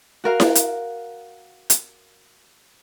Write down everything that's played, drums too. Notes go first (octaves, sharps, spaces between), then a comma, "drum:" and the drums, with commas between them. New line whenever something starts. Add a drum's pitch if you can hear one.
F#4 A#4 F5
drum: snare E4
drum: hi-hat
drum: hi-hat